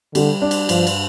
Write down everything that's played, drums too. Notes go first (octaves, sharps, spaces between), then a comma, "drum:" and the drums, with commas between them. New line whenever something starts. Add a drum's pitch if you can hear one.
D3 G3, drum: cymbal
D4
drum: cymbal
G2 F3, drum: cymbal
drum: cymbal